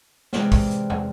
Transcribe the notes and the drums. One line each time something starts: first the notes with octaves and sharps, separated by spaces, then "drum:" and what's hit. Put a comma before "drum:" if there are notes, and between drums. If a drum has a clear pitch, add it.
C3 E3 G#3 D5 F6, drum: snare
drum: kick, open hi-hat
drum: hi-hat
drum: tom